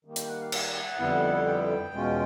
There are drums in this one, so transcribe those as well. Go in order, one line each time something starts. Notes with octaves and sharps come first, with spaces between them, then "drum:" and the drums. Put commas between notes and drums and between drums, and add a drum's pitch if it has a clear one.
D#3 G3 A#3
G5, drum: hi-hat
F#5
F5
F#5, drum: cymbal
F2 D3 G3 B3 E4
G5
E2 B2 G#3 C#4 F4